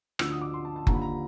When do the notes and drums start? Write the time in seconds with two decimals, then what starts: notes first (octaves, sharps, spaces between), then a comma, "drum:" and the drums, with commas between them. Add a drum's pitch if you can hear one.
0.19 D2 D3 F3 E6, drum: rim click
0.31 D#6
0.42 D6
0.53 C6
0.65 A5
0.76 A5
0.87 D#2 D3 F3 A#5, drum: kick F#1
0.94 B5
1.02 A#5